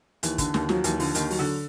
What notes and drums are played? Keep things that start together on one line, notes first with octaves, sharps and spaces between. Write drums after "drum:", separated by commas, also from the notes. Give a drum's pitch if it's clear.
D#2 E3, drum: hi-hat
D3, drum: kick, hi-hat
D#2, drum: snare
F3 F#3, drum: snare
D#2 E3, drum: hi-hat
D3 F3, drum: open hi-hat
D#2 D#3, drum: hi-hat
F#3, drum: open hi-hat
D3